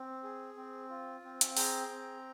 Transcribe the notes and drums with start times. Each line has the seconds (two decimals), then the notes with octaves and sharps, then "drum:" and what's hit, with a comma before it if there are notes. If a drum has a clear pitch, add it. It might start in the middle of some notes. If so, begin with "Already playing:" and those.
Already playing: C4
0.24 G#4
0.56 C4
0.90 F4
1.23 C4
1.41 drum: hi-hat
1.57 G#4 G5 A#5, drum: open hi-hat
1.91 C4